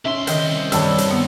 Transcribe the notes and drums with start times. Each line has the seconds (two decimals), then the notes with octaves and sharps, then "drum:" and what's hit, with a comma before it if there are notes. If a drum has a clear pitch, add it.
0.05 C2 C#4 E5 C6
0.27 D#3 D#5 G6, drum: hi-hat
0.72 G2 D#3 G3 C#5 A5 E6, drum: hi-hat
0.98 drum: hi-hat
1.10 B3